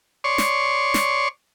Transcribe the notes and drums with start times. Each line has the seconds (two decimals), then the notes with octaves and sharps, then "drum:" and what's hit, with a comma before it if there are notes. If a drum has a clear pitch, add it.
0.24 C#5 D5 C6 C#6
0.38 drum: snare
0.94 drum: snare